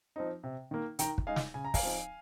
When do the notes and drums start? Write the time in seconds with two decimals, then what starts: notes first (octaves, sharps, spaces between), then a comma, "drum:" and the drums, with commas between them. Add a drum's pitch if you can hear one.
0.16 F3 C4 D#4
0.43 C3
0.71 D#3 A#3
0.99 D#3 G5 A#5, drum: hi-hat
1.18 drum: kick
1.27 G#3 D#4 F5 G#5
1.36 drum: snare
1.54 C#3 G#5
1.65 A#5
1.74 F5 G#5, drum: kick, open hi-hat
1.83 F3 C4 D#4